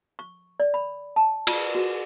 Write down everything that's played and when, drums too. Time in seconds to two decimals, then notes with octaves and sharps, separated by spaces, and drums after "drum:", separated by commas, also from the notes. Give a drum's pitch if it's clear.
0.19 C#6
0.60 D5
0.74 B5
1.16 A5
1.47 F4, drum: cymbal
1.75 F#4